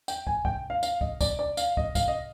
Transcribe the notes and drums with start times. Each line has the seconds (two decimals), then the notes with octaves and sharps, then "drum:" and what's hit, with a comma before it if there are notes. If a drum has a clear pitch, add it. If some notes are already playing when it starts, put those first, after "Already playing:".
0.08 G5, drum: tambourine
0.27 G#5, drum: kick
0.45 G5, drum: kick
0.70 F5
0.83 F5, drum: tambourine
1.01 D#5, drum: kick
1.21 D5, drum: kick, tambourine
1.39 D5
1.57 F5, drum: tambourine
1.77 D#5, drum: kick
1.95 F5, drum: kick, tambourine
2.08 D#5